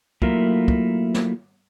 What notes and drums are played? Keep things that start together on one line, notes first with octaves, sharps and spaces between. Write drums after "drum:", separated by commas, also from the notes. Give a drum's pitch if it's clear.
F#3 A3 A#3 E4 F4 A#4, drum: kick
drum: kick
drum: snare